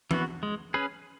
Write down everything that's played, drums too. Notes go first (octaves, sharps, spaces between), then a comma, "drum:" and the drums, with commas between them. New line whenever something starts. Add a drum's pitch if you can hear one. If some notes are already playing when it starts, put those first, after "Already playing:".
E3 B3 F#4, drum: tom E3
G#3
C#4 G#4 B4